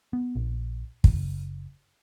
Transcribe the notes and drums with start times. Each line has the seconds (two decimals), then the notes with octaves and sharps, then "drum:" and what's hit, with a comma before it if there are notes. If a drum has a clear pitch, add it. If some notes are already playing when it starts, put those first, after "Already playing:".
0.13 B3
0.35 A#1
1.04 F#1, drum: kick